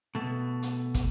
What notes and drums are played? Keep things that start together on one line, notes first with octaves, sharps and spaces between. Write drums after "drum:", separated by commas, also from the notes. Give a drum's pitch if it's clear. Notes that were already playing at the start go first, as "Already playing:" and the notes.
B2 A3
drum: hi-hat
drum: kick, hi-hat